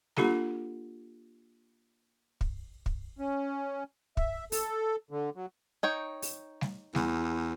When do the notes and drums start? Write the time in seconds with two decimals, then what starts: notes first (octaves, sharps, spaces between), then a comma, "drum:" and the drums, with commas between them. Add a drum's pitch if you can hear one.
0.17 A#3 D4 F4 G4 A4 A#5, drum: snare G3
2.41 drum: kick
2.86 drum: kick
3.19 C#4
4.17 E5, drum: kick
4.52 A4, drum: open hi-hat
5.11 D3
5.35 F#3
5.83 D#4 C#5 G5
6.22 drum: open hi-hat
6.61 drum: snare G3
6.95 E2, drum: snare G3